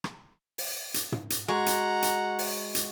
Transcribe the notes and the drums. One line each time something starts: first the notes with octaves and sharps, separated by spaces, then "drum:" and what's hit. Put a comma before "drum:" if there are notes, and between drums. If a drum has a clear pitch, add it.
drum: rim click
drum: open hi-hat
drum: hi-hat
drum: tom
drum: hi-hat
G#3 F#4 F#5 A#5
drum: hi-hat
drum: hi-hat
drum: open hi-hat
drum: hi-hat